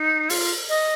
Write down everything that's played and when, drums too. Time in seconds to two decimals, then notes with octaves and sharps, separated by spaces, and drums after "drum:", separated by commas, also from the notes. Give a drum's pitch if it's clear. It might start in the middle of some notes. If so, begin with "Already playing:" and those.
Already playing: D#4
0.30 F4, drum: open hi-hat
0.69 D#5